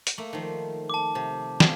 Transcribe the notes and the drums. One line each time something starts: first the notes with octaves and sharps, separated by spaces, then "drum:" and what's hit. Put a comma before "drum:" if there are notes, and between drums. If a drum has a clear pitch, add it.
drum: hi-hat
A3 A#3
D#3 F3
A5 D6
C3
F4 G#4, drum: snare